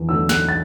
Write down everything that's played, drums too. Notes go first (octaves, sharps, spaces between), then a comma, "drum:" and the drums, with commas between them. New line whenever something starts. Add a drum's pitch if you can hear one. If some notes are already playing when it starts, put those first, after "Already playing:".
Already playing: E2
D3 F#3 A3 E6
F#6, drum: snare
A6